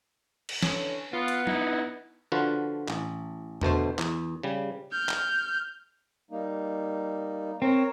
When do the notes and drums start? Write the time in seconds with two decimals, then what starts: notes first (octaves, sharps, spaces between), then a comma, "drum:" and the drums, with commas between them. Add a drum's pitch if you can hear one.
0.49 drum: cymbal
0.62 D3 E3 C#4, drum: snare
1.13 B3 F4
1.28 drum: hi-hat
1.47 D#4 E4, drum: tom F#3
2.32 D3 F3 F4 F#4 B4
2.88 A1, drum: clap
3.61 D2 B2 A3 C5, drum: tom E2
3.99 E2, drum: clap
4.43 C#3 G3
4.92 F6 G6
5.09 drum: clap
6.31 G3 A#3 D#4
7.62 C4 A#4 C#5